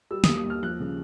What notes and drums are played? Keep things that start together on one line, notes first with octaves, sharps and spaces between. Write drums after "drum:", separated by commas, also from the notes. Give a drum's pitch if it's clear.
G3 E6
D#6, drum: snare
D#2
D#6
D#2 F6
F3 F#6
C#3